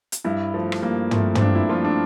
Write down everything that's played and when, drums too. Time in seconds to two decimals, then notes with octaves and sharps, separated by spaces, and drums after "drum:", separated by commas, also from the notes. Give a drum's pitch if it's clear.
0.12 drum: hi-hat
0.24 G2 E4
0.54 F3 A3
0.72 drum: rim click
0.83 G2 A#3
1.11 F3 A3 C4, drum: tom
1.35 C4, drum: tom
1.41 G2 D4
1.55 E4
1.69 F3 A3 F4
1.85 D4